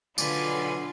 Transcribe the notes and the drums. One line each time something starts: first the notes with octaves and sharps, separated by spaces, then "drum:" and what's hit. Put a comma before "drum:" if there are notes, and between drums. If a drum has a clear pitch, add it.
B1 D3 F4 B4 D5 G#5, drum: tambourine